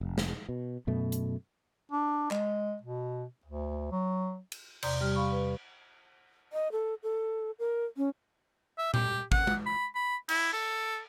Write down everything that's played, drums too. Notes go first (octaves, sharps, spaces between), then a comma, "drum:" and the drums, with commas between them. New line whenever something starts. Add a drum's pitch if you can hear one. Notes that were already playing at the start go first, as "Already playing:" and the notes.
F1
drum: snare
B2
F#2 B2 A3
drum: hi-hat
D4
G#3, drum: clap
B2
D2
F#3
drum: cymbal
E2 C3 D5 A#5 C6 G6, drum: cymbal
G3 G4 F6
F5 B5 C#6
B4
D#5
A4
A4
A#4
C#4
E5
G4, drum: tom A#2
F#5, drum: kick
drum: tom G#3
B5
B5
E4, drum: cymbal
A4